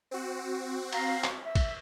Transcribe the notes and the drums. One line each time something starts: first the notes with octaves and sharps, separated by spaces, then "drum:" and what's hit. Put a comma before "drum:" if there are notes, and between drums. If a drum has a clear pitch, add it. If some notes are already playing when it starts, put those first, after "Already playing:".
C4 F#4
F5 A#5, drum: cymbal
drum: clap
E5
drum: kick, cymbal